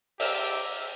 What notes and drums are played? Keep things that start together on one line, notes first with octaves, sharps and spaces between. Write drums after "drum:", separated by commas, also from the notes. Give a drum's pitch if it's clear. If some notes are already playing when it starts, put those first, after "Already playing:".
G4 C5 D#5 E5 A#5 E6 F6, drum: open hi-hat